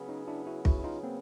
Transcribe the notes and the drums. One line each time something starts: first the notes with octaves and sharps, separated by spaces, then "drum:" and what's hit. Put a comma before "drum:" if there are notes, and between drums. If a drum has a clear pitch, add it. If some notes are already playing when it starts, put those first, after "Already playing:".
Already playing: C#3 F#3 B3
C#4 D#4
D4 E4
E4 F#4
E4 F#4, drum: kick
E4
D#4 F4
A#3 C4